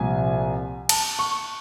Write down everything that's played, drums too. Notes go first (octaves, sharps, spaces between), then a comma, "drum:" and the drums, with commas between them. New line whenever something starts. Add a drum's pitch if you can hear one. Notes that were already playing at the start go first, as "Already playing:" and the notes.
Already playing: C2 A#2 F3 G#5
A5, drum: cymbal
C#6